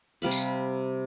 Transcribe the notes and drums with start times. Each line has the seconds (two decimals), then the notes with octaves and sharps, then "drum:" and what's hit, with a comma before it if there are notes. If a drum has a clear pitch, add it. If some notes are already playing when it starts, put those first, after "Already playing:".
0.22 C3 G3 F5 B5
0.31 drum: tambourine